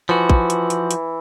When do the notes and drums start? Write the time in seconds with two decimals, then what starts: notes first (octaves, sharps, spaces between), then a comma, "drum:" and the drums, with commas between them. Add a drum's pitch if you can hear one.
0.09 E3 F3 F#4
0.29 drum: kick
0.50 drum: hi-hat
0.70 drum: hi-hat
0.91 drum: hi-hat